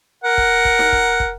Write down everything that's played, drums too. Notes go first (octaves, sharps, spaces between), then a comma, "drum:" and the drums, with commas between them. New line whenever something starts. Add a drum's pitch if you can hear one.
A#4 F#5
drum: kick
drum: kick
drum: snare D#4
drum: kick
drum: kick